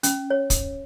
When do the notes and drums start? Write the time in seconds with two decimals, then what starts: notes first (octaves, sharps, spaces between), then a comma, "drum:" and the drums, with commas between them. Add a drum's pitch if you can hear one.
0.03 C#4, drum: hi-hat
0.30 C#5
0.50 drum: kick, hi-hat